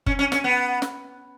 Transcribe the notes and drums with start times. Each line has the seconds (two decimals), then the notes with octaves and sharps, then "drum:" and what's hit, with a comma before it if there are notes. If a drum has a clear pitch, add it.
0.06 C#4, drum: kick F#1
0.19 C#4
0.32 C#4, drum: snare
0.44 B3
0.82 drum: snare